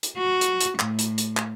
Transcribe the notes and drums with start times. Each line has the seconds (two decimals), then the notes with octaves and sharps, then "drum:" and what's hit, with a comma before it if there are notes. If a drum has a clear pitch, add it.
0.03 drum: hi-hat
0.18 F#4
0.41 drum: hi-hat
0.60 drum: hi-hat
0.79 A2, drum: clap
0.98 drum: hi-hat
1.18 drum: hi-hat
1.37 drum: clap